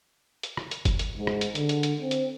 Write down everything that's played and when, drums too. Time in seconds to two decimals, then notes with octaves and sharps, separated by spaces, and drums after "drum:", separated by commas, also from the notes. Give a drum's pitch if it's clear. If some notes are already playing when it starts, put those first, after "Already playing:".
0.43 drum: hi-hat
0.57 drum: rim click
0.71 drum: hi-hat
0.85 drum: kick F#1, hi-hat
0.99 drum: hi-hat
1.17 G#2
1.27 drum: rim click
1.41 drum: hi-hat
1.55 D3, drum: hi-hat
1.69 drum: hi-hat
1.83 drum: hi-hat
2.01 C4
2.11 drum: hi-hat